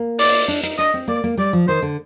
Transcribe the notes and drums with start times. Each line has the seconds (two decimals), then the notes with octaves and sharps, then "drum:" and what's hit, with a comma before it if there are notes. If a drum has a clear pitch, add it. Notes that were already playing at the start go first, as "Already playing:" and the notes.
Already playing: A#3
0.19 D5, drum: open hi-hat
0.48 D4
0.63 D#4, drum: hi-hat
0.78 D4 D#5
0.94 C4
1.08 A#3 D5
1.24 A#3
1.37 G3 D5
1.53 F3
1.67 D#3 C5
1.82 D3